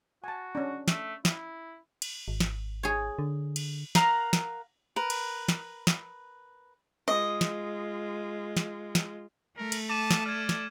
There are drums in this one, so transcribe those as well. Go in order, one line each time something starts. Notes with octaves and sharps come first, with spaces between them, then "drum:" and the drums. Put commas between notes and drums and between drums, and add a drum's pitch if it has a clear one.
F#4 G#5 A5
C#4 D4
A3, drum: snare
E4, drum: snare
drum: cymbal
G#1
drum: snare
G#4 C#5
D3
drum: cymbal
A#4 F5 F#5 A#5, drum: snare
drum: snare
A#4 B4
drum: cymbal
drum: snare
drum: snare
G#3 F4 D#5
drum: snare
drum: snare
drum: snare
A3 A#4
drum: cymbal
A5 D6 D#7 E7
drum: snare
D5 F6 G#6
drum: snare